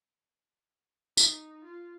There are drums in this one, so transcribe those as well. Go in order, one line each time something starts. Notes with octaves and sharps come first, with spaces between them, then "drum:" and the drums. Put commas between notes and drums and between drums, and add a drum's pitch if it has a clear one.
D#4, drum: tambourine
F4